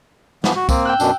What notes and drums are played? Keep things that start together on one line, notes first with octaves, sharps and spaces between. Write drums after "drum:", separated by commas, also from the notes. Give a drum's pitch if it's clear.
E3 F3 B3, drum: snare
F#4
A#3 C4, drum: kick, tambourine
G5 E6 F#6
F#2 B2 D4, drum: tambourine